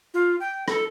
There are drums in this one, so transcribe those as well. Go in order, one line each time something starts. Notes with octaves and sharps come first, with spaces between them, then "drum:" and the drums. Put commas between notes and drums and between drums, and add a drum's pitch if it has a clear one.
F4
G5
A4, drum: rim click